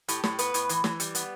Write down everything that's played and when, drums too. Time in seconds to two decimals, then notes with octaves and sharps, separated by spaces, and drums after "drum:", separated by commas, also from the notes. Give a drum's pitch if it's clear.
0.08 A2 G4, drum: hi-hat
0.24 A2, drum: snare
0.39 B3 B4, drum: hi-hat
0.54 A2, drum: hi-hat
0.69 E3, drum: hi-hat
0.84 E3, drum: snare
1.00 G3, drum: hi-hat
1.15 B3, drum: hi-hat